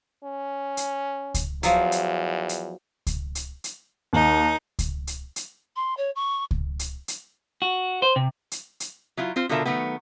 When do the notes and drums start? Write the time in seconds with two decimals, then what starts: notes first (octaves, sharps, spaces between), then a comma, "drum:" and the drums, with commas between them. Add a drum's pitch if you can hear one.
0.24 C#4
0.77 drum: hi-hat
1.34 drum: kick C#2, hi-hat
1.63 E2 F3 F#3, drum: hi-hat
1.92 drum: hi-hat
2.49 drum: hi-hat
3.07 drum: kick C#2, hi-hat
3.35 drum: hi-hat
3.64 drum: hi-hat
4.13 D#2 D#4
4.79 drum: kick C#2, hi-hat
5.07 drum: hi-hat
5.36 drum: hi-hat
5.76 C6
5.97 C#5
6.15 C#6
6.51 drum: kick C#2
6.79 drum: hi-hat
7.08 drum: hi-hat
7.62 F#4
8.02 C5
8.16 C3
8.51 drum: hi-hat
8.80 drum: hi-hat
9.17 F#3 E4 F4
9.36 C4 F4 C5
9.49 B2 D3 F4 A4 A#4 E5
9.66 D#3 F#3 A3 B3